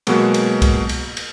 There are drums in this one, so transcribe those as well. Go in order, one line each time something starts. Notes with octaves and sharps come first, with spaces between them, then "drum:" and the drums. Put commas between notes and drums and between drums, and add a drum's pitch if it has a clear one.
B2 F#3 G#3 A#3 B3 F#4, drum: cymbal
drum: cymbal
drum: kick C2, cymbal
drum: cymbal
drum: cymbal